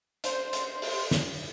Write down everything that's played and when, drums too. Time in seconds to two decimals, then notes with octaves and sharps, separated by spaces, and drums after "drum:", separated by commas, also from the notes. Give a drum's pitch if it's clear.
0.24 C5, drum: hi-hat
0.53 drum: hi-hat
0.82 drum: open hi-hat
1.11 drum: snare